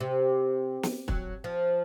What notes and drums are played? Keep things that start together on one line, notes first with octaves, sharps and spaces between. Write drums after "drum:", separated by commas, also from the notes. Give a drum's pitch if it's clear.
C3
drum: snare
F#3, drum: kick
F3